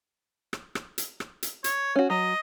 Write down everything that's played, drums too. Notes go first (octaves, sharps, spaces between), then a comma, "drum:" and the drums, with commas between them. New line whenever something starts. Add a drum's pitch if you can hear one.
drum: rim click
drum: rim click
drum: hi-hat
drum: rim click
drum: hi-hat
C#5, drum: hi-hat
C#4 F#4
F#3 D#5